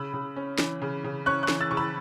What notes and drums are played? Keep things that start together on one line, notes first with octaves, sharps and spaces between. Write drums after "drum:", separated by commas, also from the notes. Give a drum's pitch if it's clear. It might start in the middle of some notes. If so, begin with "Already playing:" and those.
Already playing: C#3 B5 E6
C#3
C#4
E3, drum: snare
C#3
C#3
C#4 C#6 F#6
C#6 F#6
E3, drum: snare
E6 A6
C#3 C#6
B5 E6